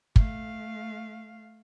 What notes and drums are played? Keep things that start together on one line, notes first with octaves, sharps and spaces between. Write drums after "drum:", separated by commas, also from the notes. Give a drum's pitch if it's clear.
A3 F5, drum: kick